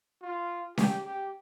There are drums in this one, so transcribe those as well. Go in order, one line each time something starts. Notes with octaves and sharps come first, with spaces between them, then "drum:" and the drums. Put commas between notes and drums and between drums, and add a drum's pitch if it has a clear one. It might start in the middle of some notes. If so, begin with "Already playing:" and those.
F4
G4, drum: snare C#4
G4